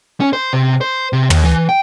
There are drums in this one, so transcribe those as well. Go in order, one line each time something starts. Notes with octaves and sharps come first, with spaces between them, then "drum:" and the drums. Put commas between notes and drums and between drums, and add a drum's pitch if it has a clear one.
C#4
C5
C3
C5
C3
D#2, drum: tom
E3
G5